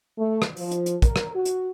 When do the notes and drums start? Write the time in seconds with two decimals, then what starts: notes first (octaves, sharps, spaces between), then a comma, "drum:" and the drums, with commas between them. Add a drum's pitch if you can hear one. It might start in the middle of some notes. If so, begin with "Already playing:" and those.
0.18 A3
0.42 drum: rim click
0.56 F3, drum: open hi-hat
0.71 drum: hi-hat
0.86 drum: hi-hat
1.02 A#4, drum: kick, hi-hat
1.16 drum: rim click
1.35 F#4
1.45 drum: hi-hat